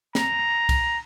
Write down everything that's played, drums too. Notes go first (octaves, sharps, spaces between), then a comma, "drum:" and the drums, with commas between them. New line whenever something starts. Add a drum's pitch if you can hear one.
A#5, drum: snare
drum: kick C2, cymbal